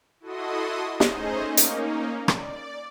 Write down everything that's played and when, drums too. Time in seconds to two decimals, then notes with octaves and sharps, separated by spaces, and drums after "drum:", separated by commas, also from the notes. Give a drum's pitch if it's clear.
0.20 E4 F#4 A4 D#5 C6 D#6
1.00 A3 C#4 D#4 G#4 C5 D#5, drum: snare
1.45 A#3 C#4 D#4
1.57 drum: hi-hat
2.28 D5, drum: rim click